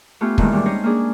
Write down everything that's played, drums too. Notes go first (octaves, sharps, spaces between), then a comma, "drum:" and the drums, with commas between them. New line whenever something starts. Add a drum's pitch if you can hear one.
A3 B3 C#4 F4 G4
G2 A#2 D#3 E3 G#3, drum: kick
G3 G#3 C#4 D4
C4 C#4 D#4 C5 C#5 D#5
A#3 C#4 D4 G#4